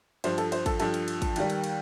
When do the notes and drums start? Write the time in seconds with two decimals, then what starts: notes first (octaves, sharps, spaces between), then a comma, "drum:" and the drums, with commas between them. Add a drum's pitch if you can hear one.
0.24 G2 F3 C5, drum: cymbal
0.38 A4, drum: cymbal
0.52 C5, drum: cymbal
0.66 A4, drum: kick, cymbal
0.80 G2 F3 A4, drum: cymbal
0.94 drum: cymbal
1.08 drum: cymbal
1.22 drum: kick, cymbal
1.36 D#2 D#3 G3, drum: cymbal
1.50 drum: cymbal
1.64 drum: cymbal